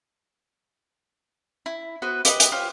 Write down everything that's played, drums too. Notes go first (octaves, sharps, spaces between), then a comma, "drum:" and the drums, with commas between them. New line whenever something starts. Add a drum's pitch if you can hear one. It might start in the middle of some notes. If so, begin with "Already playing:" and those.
E4
B3 F#4 B4 C5
G4 B4 D#5, drum: hi-hat
drum: hi-hat
F4 G4 C5 C#5